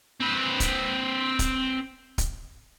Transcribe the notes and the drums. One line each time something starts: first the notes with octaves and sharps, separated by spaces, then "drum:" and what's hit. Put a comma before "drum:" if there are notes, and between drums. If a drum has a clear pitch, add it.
C4 B4
drum: kick D1, hi-hat
drum: kick D1, hi-hat
drum: kick D1, hi-hat